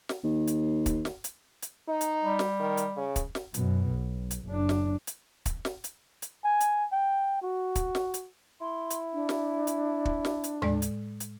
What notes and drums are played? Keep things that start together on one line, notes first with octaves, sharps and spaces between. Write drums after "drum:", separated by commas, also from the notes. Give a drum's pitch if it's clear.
drum: snare
D#2
drum: hi-hat
drum: kick, hi-hat
drum: snare
drum: hi-hat
drum: hi-hat
D#4
drum: hi-hat
G3
drum: snare
D#3
drum: hi-hat
C#3
drum: kick, hi-hat
drum: snare
F#2 B2, drum: hi-hat
B1
drum: hi-hat
F#1 D4
drum: snare
drum: hi-hat
drum: kick, hi-hat
drum: snare
drum: hi-hat
drum: hi-hat
G#5
drum: hi-hat
G5
F#4
drum: kick, hi-hat
drum: snare
drum: hi-hat
E4 C6
drum: hi-hat
D4
drum: snare
drum: hi-hat
drum: kick
drum: snare
drum: hi-hat
A2 G#3 D5, drum: tom D#2
drum: hi-hat
drum: hi-hat